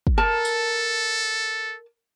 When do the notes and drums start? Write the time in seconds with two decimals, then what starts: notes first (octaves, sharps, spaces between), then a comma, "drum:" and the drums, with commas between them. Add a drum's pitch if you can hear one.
0.07 drum: kick
0.18 A4 A#4 A5
0.45 drum: tambourine